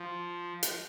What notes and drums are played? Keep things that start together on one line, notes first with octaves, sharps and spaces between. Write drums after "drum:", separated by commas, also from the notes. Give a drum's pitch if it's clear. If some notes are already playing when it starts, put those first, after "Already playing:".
Already playing: F3
drum: hi-hat